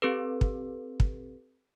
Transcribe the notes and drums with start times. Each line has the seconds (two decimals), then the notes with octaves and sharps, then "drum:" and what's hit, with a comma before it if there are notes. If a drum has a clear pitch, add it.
0.02 C4 G4 A4 B4
0.41 drum: kick
1.00 drum: kick